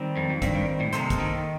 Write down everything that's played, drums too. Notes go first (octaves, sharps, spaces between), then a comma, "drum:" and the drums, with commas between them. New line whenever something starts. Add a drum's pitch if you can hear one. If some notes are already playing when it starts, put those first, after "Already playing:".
Already playing: D#3 G3 C4
F2
F2
G2 D#3 G3 C4, drum: kick, hi-hat
G2
A2
C3 A#3 D#4 A4 C5, drum: hi-hat
drum: kick, hi-hat
D#3